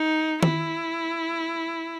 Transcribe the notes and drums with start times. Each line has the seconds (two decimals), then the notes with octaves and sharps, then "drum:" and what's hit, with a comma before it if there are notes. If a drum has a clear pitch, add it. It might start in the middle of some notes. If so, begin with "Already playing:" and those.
Already playing: D#4
0.43 E4, drum: tom